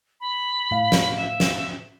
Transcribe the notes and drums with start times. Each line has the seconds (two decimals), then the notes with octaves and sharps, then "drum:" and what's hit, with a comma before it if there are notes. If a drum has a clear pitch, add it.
0.21 B5
0.71 A2 F5
0.92 drum: snare
1.16 E5
1.40 drum: snare